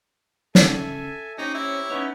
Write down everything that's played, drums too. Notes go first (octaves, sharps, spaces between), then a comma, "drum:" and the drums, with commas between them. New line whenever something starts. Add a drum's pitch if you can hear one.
C#3 A4 E5 G#5, drum: snare
C4 C#4 D#4 G4 C#5 A#5
E4
B3 C#4 D#4 B4 C#5